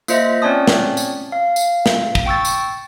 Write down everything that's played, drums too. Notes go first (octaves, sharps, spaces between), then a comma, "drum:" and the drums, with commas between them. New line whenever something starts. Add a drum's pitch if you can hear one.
A#3 F4 C5 D#5 E5, drum: tambourine
C4 C#4 C#5 D5 A5 D#6
drum: snare
drum: tambourine
F5
drum: tambourine
drum: snare
drum: kick
G5 C#6 E6 A6
drum: tambourine